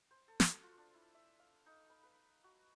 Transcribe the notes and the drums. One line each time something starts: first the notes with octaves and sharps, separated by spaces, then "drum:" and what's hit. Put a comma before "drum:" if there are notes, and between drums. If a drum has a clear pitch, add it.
C5
A4
F#4, drum: snare
F4
D4
E4
E5
F5
D#4
B5
B4
F#4